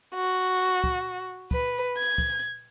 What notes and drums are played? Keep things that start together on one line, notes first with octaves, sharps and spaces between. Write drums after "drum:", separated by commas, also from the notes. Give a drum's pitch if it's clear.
F#4
drum: kick
B4, drum: kick
G#6
drum: kick